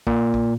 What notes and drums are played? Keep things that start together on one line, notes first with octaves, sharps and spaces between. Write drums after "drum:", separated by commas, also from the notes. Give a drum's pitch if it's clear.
A#2, drum: kick A#1
drum: kick A#1